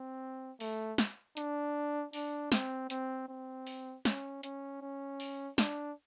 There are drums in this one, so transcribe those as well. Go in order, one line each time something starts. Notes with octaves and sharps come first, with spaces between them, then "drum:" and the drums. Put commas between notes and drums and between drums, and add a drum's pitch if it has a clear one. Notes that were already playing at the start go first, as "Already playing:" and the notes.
Already playing: C4
A3, drum: open hi-hat
drum: snare
D4, drum: hi-hat
D4, drum: open hi-hat
C4, drum: snare
C4, drum: hi-hat
C4
drum: open hi-hat
C#4, drum: snare
C#4, drum: hi-hat
C#4
drum: open hi-hat
D4, drum: snare